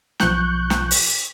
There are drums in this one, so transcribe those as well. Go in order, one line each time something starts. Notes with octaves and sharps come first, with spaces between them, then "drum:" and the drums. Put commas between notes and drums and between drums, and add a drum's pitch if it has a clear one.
B1 F3 C#6 F#6 G6, drum: snare
drum: snare
drum: open hi-hat